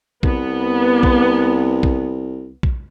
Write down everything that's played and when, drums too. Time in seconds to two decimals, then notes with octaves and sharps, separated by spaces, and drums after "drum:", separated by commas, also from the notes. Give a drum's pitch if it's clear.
0.23 C2 B3, drum: kick A#1
1.03 drum: kick A#1
1.83 drum: kick A#1
2.63 drum: kick A#1